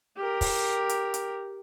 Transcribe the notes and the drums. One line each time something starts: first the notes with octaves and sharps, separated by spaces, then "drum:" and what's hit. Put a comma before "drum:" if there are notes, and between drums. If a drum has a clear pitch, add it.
G4 A#4
drum: kick, open hi-hat
drum: hi-hat
drum: hi-hat